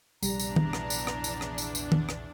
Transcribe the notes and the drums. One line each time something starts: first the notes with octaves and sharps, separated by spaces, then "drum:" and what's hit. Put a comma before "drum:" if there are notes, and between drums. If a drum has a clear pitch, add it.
A#1 E2 C3 F3 G3 D4 A#5, drum: tambourine
drum: tambourine
drum: tom
drum: rim click
drum: tambourine
drum: rim click
drum: tambourine
drum: rim click
drum: tambourine
drum: tambourine
drum: tom
drum: rim click